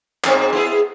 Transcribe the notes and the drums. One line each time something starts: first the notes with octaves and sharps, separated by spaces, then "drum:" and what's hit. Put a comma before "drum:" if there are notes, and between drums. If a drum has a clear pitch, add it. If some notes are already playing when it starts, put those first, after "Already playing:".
G#2 C4, drum: clap
B3 E4 G#4